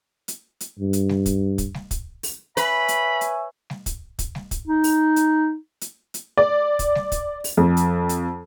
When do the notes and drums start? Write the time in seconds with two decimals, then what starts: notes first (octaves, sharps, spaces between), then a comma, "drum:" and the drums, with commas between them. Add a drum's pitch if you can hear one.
0.28 drum: hi-hat
0.60 drum: hi-hat
0.79 G2
0.93 drum: hi-hat
1.09 drum: snare
1.26 drum: kick, hi-hat
1.58 drum: kick, hi-hat
1.74 drum: snare
1.91 drum: kick, hi-hat
2.23 drum: open hi-hat
2.57 B4 C#5 E5 G#5 B5, drum: hi-hat
2.88 drum: hi-hat
3.21 drum: hi-hat
3.70 drum: snare
3.86 drum: kick, hi-hat
4.19 drum: kick, hi-hat
4.35 drum: snare
4.51 drum: kick, hi-hat
4.67 D#4
4.84 drum: open hi-hat
5.16 drum: hi-hat
5.81 drum: hi-hat
6.14 drum: hi-hat
6.38 D5
6.79 drum: kick, hi-hat
6.95 drum: snare
7.12 drum: kick, hi-hat
7.44 drum: open hi-hat
7.57 F2
7.77 drum: hi-hat
8.09 drum: hi-hat